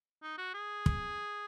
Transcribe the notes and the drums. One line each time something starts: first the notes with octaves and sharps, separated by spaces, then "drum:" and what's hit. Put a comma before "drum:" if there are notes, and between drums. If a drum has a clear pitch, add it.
D#4
F#4
G#4
drum: kick